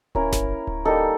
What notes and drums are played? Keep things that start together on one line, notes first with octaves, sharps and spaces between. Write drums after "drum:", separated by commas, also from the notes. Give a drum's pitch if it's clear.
A#3 C#4 E4 A#4, drum: kick D1
drum: snare G1
drum: kick D1
G3 A#3 D#4 A4